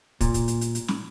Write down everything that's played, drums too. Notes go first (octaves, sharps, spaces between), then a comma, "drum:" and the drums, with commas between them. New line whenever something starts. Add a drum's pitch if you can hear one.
A#2, drum: kick, hi-hat
drum: hi-hat
drum: hi-hat
drum: hi-hat
drum: hi-hat
drum: snare